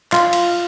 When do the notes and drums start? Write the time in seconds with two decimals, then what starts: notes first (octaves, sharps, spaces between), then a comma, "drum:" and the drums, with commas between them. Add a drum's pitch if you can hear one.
0.12 F4, drum: clap
0.33 drum: cymbal